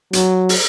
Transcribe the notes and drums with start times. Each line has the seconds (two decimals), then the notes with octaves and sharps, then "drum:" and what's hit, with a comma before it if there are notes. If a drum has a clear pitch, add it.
0.13 F#3, drum: hi-hat
0.49 drum: open hi-hat